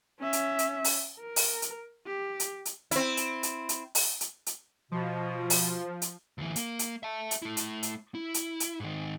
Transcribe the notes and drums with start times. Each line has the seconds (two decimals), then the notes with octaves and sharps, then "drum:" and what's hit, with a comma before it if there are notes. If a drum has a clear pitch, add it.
0.19 C#4 E5
0.33 drum: hi-hat
0.59 drum: hi-hat
0.84 drum: open hi-hat
1.19 A#4
1.36 drum: open hi-hat
1.62 drum: hi-hat
2.06 G4
2.40 drum: hi-hat
2.65 drum: hi-hat
2.91 C4 E4, drum: hi-hat
3.17 drum: hi-hat
3.43 drum: hi-hat
3.69 drum: hi-hat
3.95 drum: open hi-hat
4.21 drum: hi-hat
4.46 drum: hi-hat
4.92 B2 F3
5.50 drum: open hi-hat
6.02 drum: hi-hat
6.38 D2 E3
6.56 A#3, drum: hi-hat
6.79 drum: hi-hat
7.03 E5 A5
7.31 drum: hi-hat
7.42 A3 E4
7.57 drum: hi-hat
7.83 drum: hi-hat
8.15 E4
8.34 drum: hi-hat
8.60 drum: hi-hat
8.80 G#2 D#3